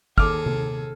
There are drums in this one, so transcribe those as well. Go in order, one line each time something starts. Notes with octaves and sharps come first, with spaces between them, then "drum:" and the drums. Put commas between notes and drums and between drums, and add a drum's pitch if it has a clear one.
D#2 G#4 A4 D6 F6, drum: kick
drum: tom C3